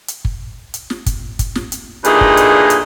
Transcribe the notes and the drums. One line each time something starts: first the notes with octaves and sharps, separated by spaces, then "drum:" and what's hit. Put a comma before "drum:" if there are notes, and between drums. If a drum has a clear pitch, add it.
drum: hi-hat
drum: kick
drum: hi-hat
drum: snare
drum: kick, hi-hat
drum: kick, hi-hat
drum: snare
drum: hi-hat
G2 A#2 D#3 A3 D#4 G#4, drum: hi-hat
drum: kick
drum: hi-hat
drum: hi-hat